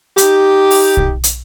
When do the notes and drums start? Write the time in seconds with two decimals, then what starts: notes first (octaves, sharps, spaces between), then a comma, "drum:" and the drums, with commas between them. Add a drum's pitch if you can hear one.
0.18 D#4 G4, drum: hi-hat
0.71 drum: open hi-hat
0.97 drum: kick
1.24 drum: hi-hat